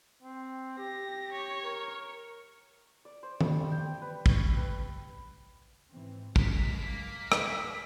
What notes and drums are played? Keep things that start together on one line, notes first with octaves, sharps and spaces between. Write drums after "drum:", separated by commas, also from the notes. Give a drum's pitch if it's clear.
C4
G4 A#6
C#5
A#4
D5
C5
G3, drum: tom D#3
G5
B4
C#6, drum: kick
E6
B4
G#2 E3 C4
F#1 C#2 F#3 G#3 A#4 B6, drum: kick
G#3 A#3
drum: rim click